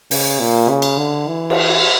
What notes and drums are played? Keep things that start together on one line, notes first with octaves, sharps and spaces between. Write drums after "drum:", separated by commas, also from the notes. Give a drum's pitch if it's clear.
C#3, drum: open hi-hat
A#2
C#3
drum: cymbal
D3
E3
drum: cymbal